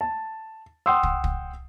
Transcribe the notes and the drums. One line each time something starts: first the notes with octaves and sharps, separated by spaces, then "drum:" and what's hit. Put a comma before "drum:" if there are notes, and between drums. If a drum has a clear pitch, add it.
A5
F#5 G5 C6 D#6 E6
drum: kick
drum: kick